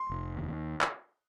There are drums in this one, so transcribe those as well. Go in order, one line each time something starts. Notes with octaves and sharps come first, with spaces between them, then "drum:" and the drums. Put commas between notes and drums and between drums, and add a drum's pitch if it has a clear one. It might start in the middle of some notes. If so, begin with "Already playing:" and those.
Already playing: C6
F1
D#2
drum: clap